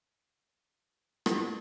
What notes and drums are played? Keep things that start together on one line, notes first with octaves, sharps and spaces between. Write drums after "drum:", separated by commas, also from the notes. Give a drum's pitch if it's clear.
F4 A4 D5 F5 D#6 G#6
drum: rim click